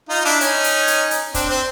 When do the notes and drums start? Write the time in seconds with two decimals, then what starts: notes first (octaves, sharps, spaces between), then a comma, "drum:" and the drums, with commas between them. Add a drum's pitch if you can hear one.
0.09 D#4 F4
0.25 D4 E4
0.41 C#4 D#4, drum: hi-hat
0.64 drum: hi-hat
0.87 drum: hi-hat
1.11 drum: hi-hat
1.34 C4 D4, drum: kick, hi-hat
1.50 C4